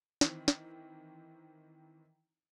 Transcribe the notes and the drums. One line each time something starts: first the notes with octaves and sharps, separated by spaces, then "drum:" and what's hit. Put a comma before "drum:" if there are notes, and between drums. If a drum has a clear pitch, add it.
D#3 E3 C4, drum: snare
drum: snare